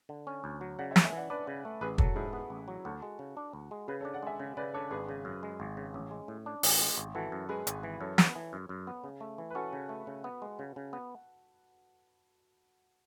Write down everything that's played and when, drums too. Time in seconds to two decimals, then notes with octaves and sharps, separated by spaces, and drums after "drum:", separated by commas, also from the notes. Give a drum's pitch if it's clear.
0.09 D3
0.27 C#4
0.44 D2
0.61 F#3
0.78 C#3 D5 F#5
0.91 C#5 E5
0.96 A3, drum: snare
1.04 E5 G#5
1.12 E3 D5 F#5
1.30 D4 B4 D5
1.47 C#3
1.65 A3
1.81 A1 G#4 B4
1.98 F#3 F#4 A4, drum: kick
2.16 G#2 E4 G#4
2.33 B3 G#4 B4
2.50 A1
2.68 F#3
2.85 D2 F#4 A4
3.02 G#3
3.19 C#3
3.37 D4
3.53 D2
3.71 G#3
3.88 C#3 G#4 B4
4.01 A4 C#5
4.05 D4
4.13 D5 F#5
4.23 G#3 E5 G#5
4.40 C#3
4.57 C#3 B4 D5
4.74 D4 A4 C#5
4.91 G#1 G#4 B4
5.09 C#3
5.25 F#2
5.43 G#3
5.60 G#1
5.77 C#3
5.94 A1 C#4
6.11 G#3
6.28 A2
6.46 D4
6.63 A1, drum: open hi-hat
6.81 G#3
6.98 G#1
7.15 E3 F#4 A4
7.32 F#2
7.49 G#3 G#4 B4
7.67 G#1, drum: hi-hat
7.83 E3
8.00 F#2 A4 C#5
8.18 B3, drum: snare
8.36 E3
8.53 F#2
8.69 F#2
8.87 B3
9.04 C#3
9.20 A3
9.38 E3
9.50 B4
9.55 C#4 F#4 A4
9.73 C#3
9.89 A3
10.07 C#3
10.24 B3
10.42 G#3
10.59 C#3
10.76 C#3
10.93 B3